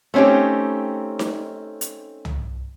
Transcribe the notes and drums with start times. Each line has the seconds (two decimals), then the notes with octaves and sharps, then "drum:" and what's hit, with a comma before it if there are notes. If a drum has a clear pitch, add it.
0.14 A3 C4 C#4 D#4 G4
1.19 drum: snare D#4
1.81 drum: hi-hat
2.25 drum: tom